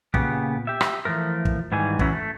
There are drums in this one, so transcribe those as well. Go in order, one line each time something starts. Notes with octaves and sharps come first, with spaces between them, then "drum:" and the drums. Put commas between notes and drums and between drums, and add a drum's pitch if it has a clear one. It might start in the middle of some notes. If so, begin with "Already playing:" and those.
A#2 C#3 B3 G4, drum: kick
G4 E5
drum: rim click
E3 F3 A3 A#4
drum: kick
G#2 D#3 E3 G3 G#5
E3 F#3 A3 C#4 E4, drum: kick
A3